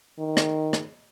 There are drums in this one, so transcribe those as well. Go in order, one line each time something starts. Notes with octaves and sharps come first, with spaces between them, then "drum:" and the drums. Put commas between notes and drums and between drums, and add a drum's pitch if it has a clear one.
D#3
drum: rim click
drum: rim click